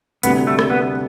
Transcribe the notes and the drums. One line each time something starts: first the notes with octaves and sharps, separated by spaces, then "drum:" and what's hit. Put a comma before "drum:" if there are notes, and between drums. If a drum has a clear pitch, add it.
D2 C3 G3 B3 D4, drum: hi-hat
A3
drum: rim click
B3